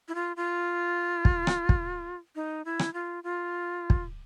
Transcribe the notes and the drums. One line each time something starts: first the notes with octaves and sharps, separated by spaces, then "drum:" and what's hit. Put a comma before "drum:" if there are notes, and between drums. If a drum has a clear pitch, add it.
E4
F4
F4
drum: kick
drum: rim click
drum: kick
D#4
E4
drum: rim click
F4
F4
drum: kick